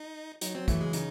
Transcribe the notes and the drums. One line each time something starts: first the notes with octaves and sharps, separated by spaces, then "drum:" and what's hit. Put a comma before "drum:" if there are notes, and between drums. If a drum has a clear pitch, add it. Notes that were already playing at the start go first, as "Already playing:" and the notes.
Already playing: D#4
F#3 D#4, drum: hi-hat
F#3 C4
E3 A3, drum: kick, hi-hat
C#3 G#3
C#3 D#4, drum: hi-hat